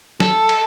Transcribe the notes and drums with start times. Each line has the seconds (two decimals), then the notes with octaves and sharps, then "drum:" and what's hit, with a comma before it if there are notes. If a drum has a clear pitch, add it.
0.20 A4, drum: snare
0.49 drum: cymbal